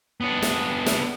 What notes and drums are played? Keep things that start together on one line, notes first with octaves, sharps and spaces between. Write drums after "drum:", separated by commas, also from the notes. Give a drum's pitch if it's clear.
B3 D4
drum: snare
drum: snare